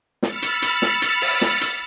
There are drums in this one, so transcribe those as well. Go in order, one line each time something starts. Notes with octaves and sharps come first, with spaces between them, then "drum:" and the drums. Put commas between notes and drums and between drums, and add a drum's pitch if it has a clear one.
B5 E6 F6 A6 C#7, drum: snare
drum: hi-hat
drum: hi-hat
drum: snare
drum: hi-hat
drum: open hi-hat
drum: snare
drum: hi-hat